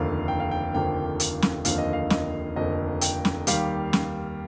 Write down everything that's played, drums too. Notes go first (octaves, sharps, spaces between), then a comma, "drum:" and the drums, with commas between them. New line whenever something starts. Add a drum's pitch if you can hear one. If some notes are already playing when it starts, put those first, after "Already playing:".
Already playing: F1 D#2 D3 F3 A#3 F5
G5
F5
G5
F1 D#2 D3 F3 A#3 G5
drum: hi-hat
drum: snare
F1 D#2 D3 F3 A#3 F5, drum: hi-hat
D#5
F5
D#5, drum: snare
F1 D#2 D3 F3 A#3 D#5
G5, drum: hi-hat
drum: snare
D#2 D#3 G3 F5, drum: hi-hat
drum: snare